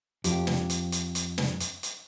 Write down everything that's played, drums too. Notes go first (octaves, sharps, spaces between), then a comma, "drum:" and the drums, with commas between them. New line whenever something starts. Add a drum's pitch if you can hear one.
F2 G4, drum: hi-hat
drum: snare
drum: hi-hat
drum: hi-hat
drum: hi-hat
drum: snare
drum: hi-hat
drum: hi-hat